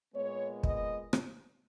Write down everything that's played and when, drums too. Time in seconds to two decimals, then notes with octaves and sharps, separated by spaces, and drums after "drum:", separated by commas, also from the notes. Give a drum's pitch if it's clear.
0.14 A#2 G#3 B3 C#5
0.63 D#5, drum: kick
1.13 drum: rim click